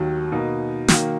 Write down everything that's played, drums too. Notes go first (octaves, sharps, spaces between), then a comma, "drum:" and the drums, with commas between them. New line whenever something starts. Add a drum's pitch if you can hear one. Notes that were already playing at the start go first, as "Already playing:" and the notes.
Already playing: D#2 D#3 F#3
B2 A#3 D#4
D#3 F#3 A#3, drum: snare